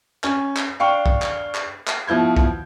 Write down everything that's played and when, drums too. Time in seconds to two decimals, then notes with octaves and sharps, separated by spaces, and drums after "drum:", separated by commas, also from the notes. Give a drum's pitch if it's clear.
0.24 C#4, drum: clap
0.57 drum: clap
0.80 D4 F5 G5 C#6
1.06 drum: kick
1.22 drum: clap
1.55 drum: clap
1.87 drum: clap
2.07 B2 F3 E4 G6 G#6
2.37 drum: kick